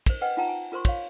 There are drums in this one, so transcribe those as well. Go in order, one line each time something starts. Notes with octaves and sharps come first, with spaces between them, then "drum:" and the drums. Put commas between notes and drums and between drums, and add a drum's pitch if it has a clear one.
A#4 C5, drum: kick, cymbal
B4 D#5 F#5 G5
D#4 F4 F#5 G5 A5 A#5
G#5
F4 A#4 C5 C6 C#6
C#5 F5, drum: kick, cymbal